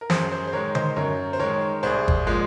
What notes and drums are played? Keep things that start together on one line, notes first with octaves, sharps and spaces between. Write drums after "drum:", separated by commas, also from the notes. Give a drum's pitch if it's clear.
A#4
F#2 G#4 C5, drum: snare
G#4 C5
C5
D#3 G#3 A#4 C#5
C5 D#5, drum: tom D3
F#2 A#4 C#5
C5
D#3 G#3 A#4 C#5
C2 G#4 C5
drum: kick
A#2 F3 G#3